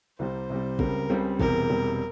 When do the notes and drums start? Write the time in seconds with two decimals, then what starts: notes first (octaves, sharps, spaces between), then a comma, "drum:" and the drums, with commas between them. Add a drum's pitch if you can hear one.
0.19 C2 C3 G3 C5
0.50 C2 C3 G3
0.79 C#2 C#3 G3 C4 A#4, drum: kick
1.10 C#2 C#3 G3 C4
1.39 E1 E2 C3 G3 A#4, drum: kick
1.69 E1 E2 C3 G3